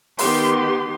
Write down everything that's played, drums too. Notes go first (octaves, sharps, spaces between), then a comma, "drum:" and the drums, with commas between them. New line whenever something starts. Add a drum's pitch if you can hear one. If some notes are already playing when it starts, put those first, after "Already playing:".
D#3 B3 G4 C6, drum: open hi-hat